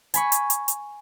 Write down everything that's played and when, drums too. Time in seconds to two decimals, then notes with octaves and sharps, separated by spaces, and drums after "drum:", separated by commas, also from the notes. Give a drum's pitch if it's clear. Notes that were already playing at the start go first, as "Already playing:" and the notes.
0.14 G#5 B5 C#6, drum: hi-hat
0.32 drum: hi-hat
0.50 drum: hi-hat
0.68 drum: hi-hat